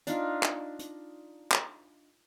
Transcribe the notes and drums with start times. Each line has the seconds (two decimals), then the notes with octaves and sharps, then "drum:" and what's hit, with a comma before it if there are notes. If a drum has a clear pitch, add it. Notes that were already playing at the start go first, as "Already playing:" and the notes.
0.07 D4 D#4 F4, drum: hi-hat
0.43 drum: clap
0.79 drum: hi-hat
1.51 drum: clap